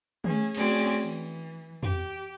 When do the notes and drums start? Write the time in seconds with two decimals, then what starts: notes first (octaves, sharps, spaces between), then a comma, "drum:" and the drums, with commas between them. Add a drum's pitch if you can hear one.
0.24 A3 C#4 G#4, drum: tom D3
0.55 A3 C4 C#4 F#4 G#4 D5, drum: cymbal
1.02 E3
1.83 G4, drum: tom